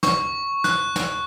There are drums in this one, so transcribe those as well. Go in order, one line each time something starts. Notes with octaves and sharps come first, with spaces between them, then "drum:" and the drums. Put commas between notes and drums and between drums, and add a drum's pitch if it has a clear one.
C#6, drum: snare
F#6, drum: snare
drum: snare